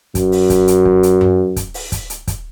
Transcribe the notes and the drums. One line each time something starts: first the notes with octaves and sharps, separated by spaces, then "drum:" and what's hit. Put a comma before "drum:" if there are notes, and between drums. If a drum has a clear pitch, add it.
F#2, drum: kick, hi-hat
drum: open hi-hat
drum: kick, hi-hat
drum: hi-hat
drum: kick
drum: hi-hat
drum: tom F#2
drum: kick, hi-hat
drum: open hi-hat
drum: kick, hi-hat
drum: hi-hat
drum: kick, hi-hat